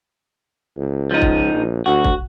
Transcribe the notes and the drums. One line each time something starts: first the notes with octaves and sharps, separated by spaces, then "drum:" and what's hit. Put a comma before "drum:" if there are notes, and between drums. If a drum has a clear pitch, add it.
C#2
F3 D#4
drum: kick
A#1
D2 F#4
drum: kick